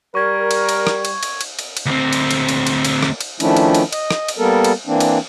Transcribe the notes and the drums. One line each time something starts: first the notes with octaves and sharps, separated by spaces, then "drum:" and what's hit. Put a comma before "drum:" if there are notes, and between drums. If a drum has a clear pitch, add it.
G3 A#4 C#6 G#6
drum: cymbal
drum: cymbal
drum: rim click
drum: cymbal
drum: cymbal
drum: cymbal
drum: cymbal
drum: cymbal
D2 C4
drum: cymbal
drum: cymbal
drum: cymbal
drum: cymbal
drum: cymbal
drum: rim click
drum: cymbal
D#3 F3 A3 C#4 D4 E4, drum: cymbal
drum: cymbal
drum: cymbal
D#5, drum: cymbal
drum: rim click
drum: cymbal
G3 A#3 B3 A4 A#4
drum: cymbal
E3 A#3 C4 D4
drum: cymbal